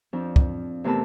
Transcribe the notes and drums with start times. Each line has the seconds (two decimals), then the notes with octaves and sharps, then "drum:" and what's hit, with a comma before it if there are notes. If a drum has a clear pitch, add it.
0.13 F2 F3 D4
0.36 drum: kick
0.84 E2 C3 A3 A#4 A5 B5